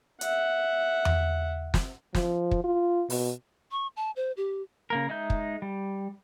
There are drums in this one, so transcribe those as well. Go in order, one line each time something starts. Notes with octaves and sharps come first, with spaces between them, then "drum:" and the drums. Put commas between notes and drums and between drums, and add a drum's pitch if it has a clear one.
E5 F#5, drum: hi-hat
drum: tom E2
drum: snare
F3, drum: snare
drum: kick
F4
B2, drum: open hi-hat
C#6
A5
C5
G4
C#3 A#3 A#4
G#3 D#4 E5 G6
drum: kick
G3